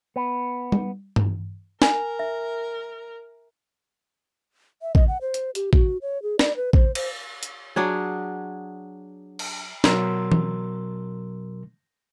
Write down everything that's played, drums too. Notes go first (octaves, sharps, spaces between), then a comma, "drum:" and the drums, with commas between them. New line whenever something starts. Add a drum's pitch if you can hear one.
B3
drum: tom G3
drum: tom G2
A#4 G#5, drum: snare
E5
E5
D#5, drum: kick A1
F#5
C5
drum: hi-hat
G4, drum: hi-hat
F#4, drum: kick A1
C#5
G#4
D5, drum: snare
B4
C5, drum: kick A1
C5, drum: cymbal
drum: hi-hat
F#3 D4 G#4
drum: cymbal
B2 F#3 A#4 C6 E6, drum: snare
drum: tom E3